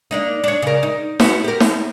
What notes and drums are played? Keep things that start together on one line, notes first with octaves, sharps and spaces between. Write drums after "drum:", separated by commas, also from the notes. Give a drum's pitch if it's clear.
A#3 D4 D#4
D4 C#5
C#3 A#4
D#4
B3 F#4, drum: snare
G4 A#4
drum: snare